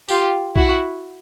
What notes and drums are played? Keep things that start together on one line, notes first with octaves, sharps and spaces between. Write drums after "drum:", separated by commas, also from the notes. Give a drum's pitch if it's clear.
F4 G4, drum: tambourine
E4 F#4, drum: kick B1